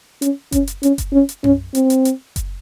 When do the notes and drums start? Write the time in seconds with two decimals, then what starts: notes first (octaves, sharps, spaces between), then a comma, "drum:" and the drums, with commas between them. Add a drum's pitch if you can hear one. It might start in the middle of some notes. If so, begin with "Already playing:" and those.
0.22 C#4, drum: hi-hat
0.52 C#4, drum: kick F#1, hi-hat
0.67 drum: hi-hat
0.83 C#4, drum: hi-hat
0.98 drum: kick F#1, hi-hat
1.13 C#4
1.29 drum: hi-hat
1.44 C#4, drum: tom F#2
1.75 C4, drum: hi-hat
1.90 drum: hi-hat
2.05 drum: hi-hat
2.36 drum: kick F#1, hi-hat